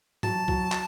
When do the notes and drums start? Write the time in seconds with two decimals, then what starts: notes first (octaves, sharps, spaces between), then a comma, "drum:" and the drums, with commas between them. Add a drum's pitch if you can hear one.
0.23 F#3 A5, drum: tom G#2
0.48 F#3, drum: kick B1
0.72 drum: clap